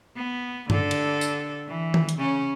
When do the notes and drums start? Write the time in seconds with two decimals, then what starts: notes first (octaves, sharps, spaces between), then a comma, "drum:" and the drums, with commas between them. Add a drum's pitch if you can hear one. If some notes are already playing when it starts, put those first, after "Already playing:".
0.16 B3
0.70 D3 A4, drum: tom G2
0.91 drum: cymbal
1.21 drum: tambourine
1.68 E3
1.94 drum: tom D#3
2.09 drum: hi-hat
2.18 C#3 C#4